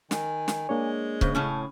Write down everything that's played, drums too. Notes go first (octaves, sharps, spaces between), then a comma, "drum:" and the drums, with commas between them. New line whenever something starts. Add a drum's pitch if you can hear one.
D#3 G#5, drum: snare
drum: snare
G#3 A#3 D4 C#5
C#3 C5, drum: kick C#1
A2 C#3 C#4 A5